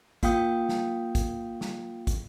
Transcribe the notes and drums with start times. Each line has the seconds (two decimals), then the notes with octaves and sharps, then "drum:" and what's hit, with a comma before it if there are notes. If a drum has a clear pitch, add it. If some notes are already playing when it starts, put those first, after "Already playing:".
0.23 A#3 F4 F5 G5 D#6 G6, drum: kick, hi-hat
0.69 drum: snare
1.15 drum: kick, hi-hat
1.61 drum: snare
2.07 drum: kick, hi-hat